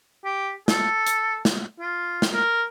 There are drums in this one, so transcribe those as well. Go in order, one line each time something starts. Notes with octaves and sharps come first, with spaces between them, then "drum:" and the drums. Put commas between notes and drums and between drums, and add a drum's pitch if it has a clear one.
G4
A4, drum: snare
drum: hi-hat
drum: snare
F4
drum: snare
A#4